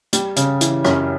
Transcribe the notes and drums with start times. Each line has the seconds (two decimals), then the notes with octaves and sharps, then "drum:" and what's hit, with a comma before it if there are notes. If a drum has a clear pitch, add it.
0.13 G3, drum: hi-hat
0.36 C#3, drum: hi-hat
0.61 E3, drum: hi-hat
0.85 F#2, drum: rim click